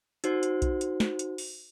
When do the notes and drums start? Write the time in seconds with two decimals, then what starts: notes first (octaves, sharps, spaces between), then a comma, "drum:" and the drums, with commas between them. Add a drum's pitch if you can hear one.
0.24 D#4 F#4 C5, drum: hi-hat
0.43 drum: hi-hat
0.62 drum: kick B1, hi-hat
0.81 drum: hi-hat
1.00 drum: snare
1.19 drum: hi-hat
1.38 drum: open hi-hat